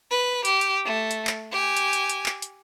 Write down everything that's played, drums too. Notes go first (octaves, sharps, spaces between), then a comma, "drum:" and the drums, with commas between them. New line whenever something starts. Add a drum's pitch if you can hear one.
B4
G4, drum: hi-hat
drum: hi-hat
A3
drum: hi-hat
drum: clap
G4 G#5
drum: hi-hat
drum: hi-hat
drum: hi-hat
drum: clap
drum: hi-hat